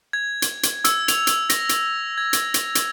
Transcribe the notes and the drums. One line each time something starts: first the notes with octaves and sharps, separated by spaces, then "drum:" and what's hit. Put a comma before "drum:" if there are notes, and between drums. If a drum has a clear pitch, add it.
G#6
drum: hi-hat
drum: hi-hat
E6, drum: hi-hat
F7, drum: hi-hat
drum: hi-hat
A#6, drum: hi-hat
drum: hi-hat
G#6
drum: hi-hat
drum: hi-hat
drum: hi-hat